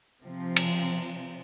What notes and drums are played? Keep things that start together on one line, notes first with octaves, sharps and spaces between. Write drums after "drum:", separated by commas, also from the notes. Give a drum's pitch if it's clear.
C3 F3 C4
drum: cymbal